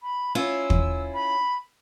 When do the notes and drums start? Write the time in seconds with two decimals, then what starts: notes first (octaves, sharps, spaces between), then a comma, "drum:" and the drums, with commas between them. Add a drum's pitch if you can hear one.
0.01 B5
0.35 C#4 E4 F4 E6
0.70 drum: kick
1.13 B5